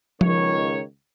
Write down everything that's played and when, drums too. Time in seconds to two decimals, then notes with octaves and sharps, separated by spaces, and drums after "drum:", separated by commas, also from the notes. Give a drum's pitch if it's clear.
0.21 C#2 D#3 C#5, drum: tom F3